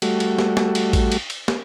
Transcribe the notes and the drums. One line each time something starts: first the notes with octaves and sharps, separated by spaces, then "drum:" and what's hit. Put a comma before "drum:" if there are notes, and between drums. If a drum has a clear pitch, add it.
G3 A3 F#4, drum: cymbal
drum: cymbal
drum: snare
drum: snare
drum: cymbal
drum: kick A1, cymbal
drum: cymbal
drum: cymbal
drum: snare